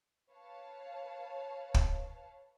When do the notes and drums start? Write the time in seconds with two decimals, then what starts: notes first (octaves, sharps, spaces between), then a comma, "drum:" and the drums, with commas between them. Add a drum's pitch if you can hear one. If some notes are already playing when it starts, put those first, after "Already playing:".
0.31 B4 C#5 F5 A5
1.74 drum: kick